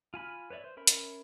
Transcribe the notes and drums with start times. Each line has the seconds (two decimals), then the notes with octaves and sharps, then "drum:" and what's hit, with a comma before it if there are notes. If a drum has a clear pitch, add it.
0.14 F4 G#5 B5 F6
0.50 B4 C#5 D5 E5
0.64 C5
0.77 C#4 A#4 E5 B5
0.87 drum: hi-hat